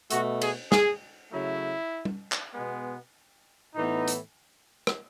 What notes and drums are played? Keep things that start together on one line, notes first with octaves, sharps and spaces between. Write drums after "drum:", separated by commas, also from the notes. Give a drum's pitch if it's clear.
B2 A3 F#4, drum: hi-hat
G#4, drum: cymbal
G#4, drum: snare
C#3 F#3 A3 E4
drum: tom
drum: clap
B2 G#3 B3
A2 E3 B3 D#4
drum: hi-hat
drum: rim click